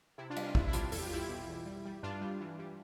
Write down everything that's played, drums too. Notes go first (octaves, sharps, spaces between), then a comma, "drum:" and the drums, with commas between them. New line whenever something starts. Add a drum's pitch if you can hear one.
C3 E4
D4 F4
G3, drum: cymbal
D4 F4
C3 E4, drum: kick
E4
G3 D4 F4, drum: hi-hat
E2 A4, drum: open hi-hat
G4
F4
E2 E4 G4
B2
E2
G3
G3
G2 D4 F4
G3
E3
G3